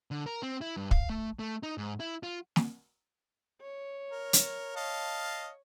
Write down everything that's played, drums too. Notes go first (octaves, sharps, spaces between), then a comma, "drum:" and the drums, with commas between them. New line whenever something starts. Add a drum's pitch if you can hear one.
D3
A#4
C4
E4
G2
F5, drum: kick
A3
A3
D#4
G#2
E4
F4
drum: snare
C#5
A#4
drum: hi-hat
D#5 F5 A5